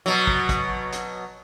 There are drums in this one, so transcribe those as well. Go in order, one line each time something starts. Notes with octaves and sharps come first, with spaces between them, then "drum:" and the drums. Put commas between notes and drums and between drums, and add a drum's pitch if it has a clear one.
B2 F#3
drum: kick
drum: kick, hi-hat
drum: hi-hat